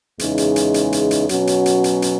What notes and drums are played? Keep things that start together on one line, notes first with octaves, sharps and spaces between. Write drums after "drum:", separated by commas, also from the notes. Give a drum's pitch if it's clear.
E2 C#3 G#3 D#4, drum: hi-hat
drum: hi-hat
drum: hi-hat
drum: hi-hat
drum: hi-hat
drum: hi-hat
B2 F#3 C#4 F#4, drum: hi-hat
drum: hi-hat
drum: hi-hat
drum: hi-hat
drum: hi-hat